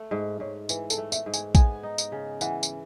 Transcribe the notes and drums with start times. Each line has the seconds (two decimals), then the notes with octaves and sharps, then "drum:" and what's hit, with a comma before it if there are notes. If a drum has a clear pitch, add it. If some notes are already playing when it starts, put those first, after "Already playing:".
Already playing: A3
0.11 G#2 D#5
0.40 G#2 C#5
0.69 E3 B4, drum: tambourine
0.90 A4, drum: tambourine
0.98 A3
1.12 E5, drum: tambourine
1.26 G#2
1.34 G#5, drum: tambourine
1.55 B3 G#5, drum: kick A#1, tambourine
1.83 D#4
1.98 drum: tambourine
2.12 C#3
2.41 E3 F#5, drum: tambourine
2.63 drum: tambourine